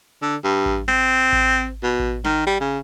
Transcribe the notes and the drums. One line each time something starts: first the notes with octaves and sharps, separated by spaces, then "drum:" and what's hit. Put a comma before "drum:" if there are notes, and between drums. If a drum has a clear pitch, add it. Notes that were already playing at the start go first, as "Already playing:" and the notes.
D3
G2
drum: kick A1
C4, drum: snare
drum: kick A1
B2
drum: kick A1
D#3, drum: snare
G3
C#3